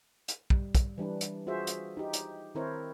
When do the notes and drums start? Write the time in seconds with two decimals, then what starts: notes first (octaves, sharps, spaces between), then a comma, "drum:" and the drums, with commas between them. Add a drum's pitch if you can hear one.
0.28 drum: hi-hat
0.50 G3, drum: kick
0.75 drum: kick, hi-hat
0.98 E3 G3 D4 B4
1.21 drum: hi-hat
1.47 F4 F#4 G#4 C5 E5
1.67 drum: hi-hat
1.97 D#4 G4
2.13 drum: hi-hat
2.55 D#3 C4 E4 A#4 C5 C#5